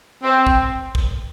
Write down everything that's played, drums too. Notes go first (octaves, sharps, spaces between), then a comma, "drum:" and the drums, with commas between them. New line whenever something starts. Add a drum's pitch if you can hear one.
C4
drum: kick
drum: kick